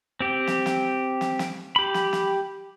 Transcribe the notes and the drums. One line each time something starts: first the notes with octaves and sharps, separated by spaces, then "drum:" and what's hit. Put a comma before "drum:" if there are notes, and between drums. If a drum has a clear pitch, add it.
C4 G4
drum: snare
drum: snare
drum: snare
drum: snare
G4 B5
drum: snare
drum: snare